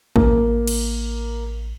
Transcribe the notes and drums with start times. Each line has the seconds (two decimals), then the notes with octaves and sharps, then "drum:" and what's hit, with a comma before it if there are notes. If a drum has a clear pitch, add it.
0.16 A1 A#3, drum: kick
0.68 drum: cymbal